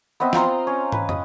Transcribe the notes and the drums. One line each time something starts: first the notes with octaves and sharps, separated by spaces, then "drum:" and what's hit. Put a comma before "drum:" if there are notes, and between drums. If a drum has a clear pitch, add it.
B3 C4 D#5 E5
F4 G5 A#5 C6, drum: snare
C#4
B4, drum: tom
D#5, drum: tom